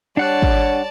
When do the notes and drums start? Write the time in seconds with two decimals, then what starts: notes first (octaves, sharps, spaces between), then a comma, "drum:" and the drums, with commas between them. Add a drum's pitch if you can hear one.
0.17 G3 D4 C#5 D5 F#5 A5 F#6
0.42 drum: kick